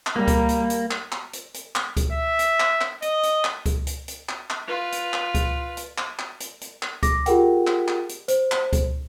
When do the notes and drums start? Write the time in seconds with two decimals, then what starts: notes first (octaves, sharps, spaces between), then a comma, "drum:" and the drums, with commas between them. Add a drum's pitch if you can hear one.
0.06 drum: clap
0.16 G3 A#3
0.28 drum: kick C#2, hi-hat
0.49 drum: hi-hat
0.70 drum: hi-hat
0.91 drum: clap
1.12 drum: clap
1.33 drum: hi-hat
1.54 drum: hi-hat
1.75 drum: clap
1.97 drum: kick C#2, hi-hat
2.12 E5
2.39 drum: hi-hat
2.60 drum: clap
2.81 drum: clap
3.02 D#5, drum: hi-hat
3.23 drum: hi-hat
3.44 drum: clap
3.66 drum: kick C#2, hi-hat
3.87 drum: hi-hat
4.08 drum: hi-hat
4.29 drum: clap
4.50 drum: clap
4.68 F4 B4
4.92 drum: hi-hat
5.13 drum: clap
5.35 drum: kick C#2, hi-hat
5.77 drum: hi-hat
5.98 drum: clap
6.19 drum: clap
6.40 drum: hi-hat
6.61 drum: hi-hat
6.83 drum: clap
7.03 D6 A#6, drum: kick C#2, hi-hat
7.26 F4 G4 G#4 A#4 F#5 G5, drum: hi-hat
7.67 drum: clap
7.88 drum: clap
8.09 drum: hi-hat
8.28 C5, drum: hi-hat
8.52 drum: clap
8.73 drum: kick C#2, hi-hat